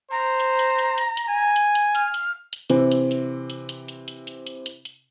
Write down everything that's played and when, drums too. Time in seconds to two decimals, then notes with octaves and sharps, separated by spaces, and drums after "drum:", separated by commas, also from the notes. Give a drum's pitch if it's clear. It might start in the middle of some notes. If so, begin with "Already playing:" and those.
0.11 C5 A#5
0.40 drum: hi-hat
0.59 drum: hi-hat
0.78 drum: hi-hat
0.98 drum: hi-hat
1.17 drum: hi-hat
1.29 G#5
1.56 drum: hi-hat
1.75 drum: hi-hat
1.95 F6, drum: hi-hat
2.14 drum: hi-hat
2.53 drum: hi-hat
2.70 C3 E3 C4, drum: hi-hat
2.92 drum: hi-hat
3.11 drum: hi-hat
3.50 drum: hi-hat
3.69 drum: hi-hat
3.88 drum: hi-hat
4.08 drum: hi-hat
4.27 drum: hi-hat
4.47 drum: hi-hat
4.66 drum: hi-hat
4.85 drum: hi-hat